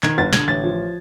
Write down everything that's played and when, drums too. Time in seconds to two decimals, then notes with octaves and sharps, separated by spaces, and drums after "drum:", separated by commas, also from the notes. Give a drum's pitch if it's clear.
0.03 D#3 G#6, drum: clap
0.18 G1 A6
0.33 D3 G#6, drum: snare
0.48 A1 A6
0.64 F3